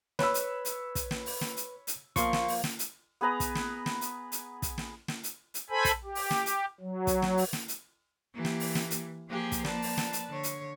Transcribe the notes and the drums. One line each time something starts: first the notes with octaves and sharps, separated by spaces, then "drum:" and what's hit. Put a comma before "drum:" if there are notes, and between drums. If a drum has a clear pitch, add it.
B4 C#5 B5 E6, drum: snare
drum: hi-hat
drum: hi-hat
drum: kick, hi-hat
drum: snare
drum: open hi-hat
drum: snare
drum: hi-hat
drum: hi-hat
F3 A#3 C6 C#6, drum: kick, hi-hat
drum: snare
drum: open hi-hat
drum: snare
drum: hi-hat
B3 G#4 B4 A#5
drum: kick, hi-hat
drum: snare
drum: snare
drum: hi-hat
drum: hi-hat
drum: kick, hi-hat
drum: snare
drum: snare
drum: hi-hat
drum: hi-hat
A4 C5 G#5 B5
drum: kick, hi-hat
G4
drum: open hi-hat
drum: snare
drum: hi-hat
F#3
drum: kick, hi-hat
drum: snare
drum: open hi-hat
drum: snare
drum: hi-hat
E3 A#3 G4
drum: snare
drum: open hi-hat
drum: snare
drum: hi-hat
F3 A#3 G4 G#4
drum: kick, hi-hat
B4 D5 A5, drum: snare
drum: open hi-hat
drum: snare
drum: hi-hat
D3 C#5
drum: hi-hat